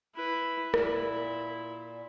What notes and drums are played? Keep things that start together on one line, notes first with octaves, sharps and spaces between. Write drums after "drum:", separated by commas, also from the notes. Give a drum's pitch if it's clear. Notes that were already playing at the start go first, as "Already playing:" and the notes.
E4 B4
A#2 E4, drum: rim click